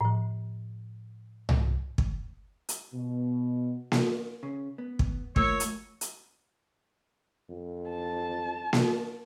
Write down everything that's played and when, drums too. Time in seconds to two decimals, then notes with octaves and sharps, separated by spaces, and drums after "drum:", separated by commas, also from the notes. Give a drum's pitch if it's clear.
0.01 A2 F3
1.49 drum: tom C2
1.98 drum: kick
2.69 drum: hi-hat
2.94 B2
3.92 drum: snare A#3
4.43 C#3
4.78 B3
4.99 drum: kick
5.36 F3 A3 A#3 C#5 E6, drum: kick
5.60 drum: hi-hat
6.01 drum: hi-hat
7.50 F2
7.90 A5
8.73 drum: snare A#3